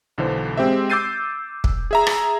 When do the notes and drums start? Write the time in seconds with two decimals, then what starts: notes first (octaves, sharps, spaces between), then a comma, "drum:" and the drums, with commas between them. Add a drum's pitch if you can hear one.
0.18 B1 D3 E3 C5
0.57 G#3 C4 G4 C5 E5
0.90 D6 E6 G6 A6 C7 D#7
1.64 drum: kick
1.91 G#4 E5 A#5
2.07 drum: rim click